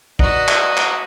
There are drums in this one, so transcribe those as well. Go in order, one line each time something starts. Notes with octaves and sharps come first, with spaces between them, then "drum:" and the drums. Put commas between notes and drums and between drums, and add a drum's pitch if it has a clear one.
F#4 B4 D5 D#5 F#5 A#5, drum: kick A#1
drum: clap
drum: clap